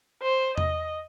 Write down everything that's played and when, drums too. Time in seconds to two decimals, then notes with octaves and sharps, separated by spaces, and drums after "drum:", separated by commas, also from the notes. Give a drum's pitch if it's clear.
0.22 C5
0.58 D#5, drum: tom E2